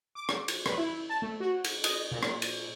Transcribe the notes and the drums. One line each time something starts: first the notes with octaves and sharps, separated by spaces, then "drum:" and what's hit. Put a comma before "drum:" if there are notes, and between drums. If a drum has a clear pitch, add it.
D6
drum: rim click
drum: cymbal
B4, drum: rim click
E4
A5
A3
F#4
drum: cymbal
D#5, drum: cymbal
A#2
drum: rim click
drum: cymbal